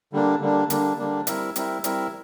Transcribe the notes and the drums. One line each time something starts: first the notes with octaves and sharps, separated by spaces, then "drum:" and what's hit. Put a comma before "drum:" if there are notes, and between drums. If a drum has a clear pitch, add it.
D3 G3 A#3 D4
D3 G3 A#3 D4
D3 G3 A#3 D4, drum: hi-hat
D3 G3 A#3 D4
G3 C4 E4 A#4 E5, drum: hi-hat
G3 C4 E4 A#4 E5, drum: hi-hat
G3 C4 E4 A#4 E5, drum: hi-hat